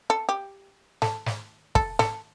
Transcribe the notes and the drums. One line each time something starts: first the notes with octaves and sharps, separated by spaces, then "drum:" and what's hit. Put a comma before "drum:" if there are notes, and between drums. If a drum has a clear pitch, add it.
A4
G4
A4, drum: snare
drum: snare
A4, drum: kick
A4, drum: snare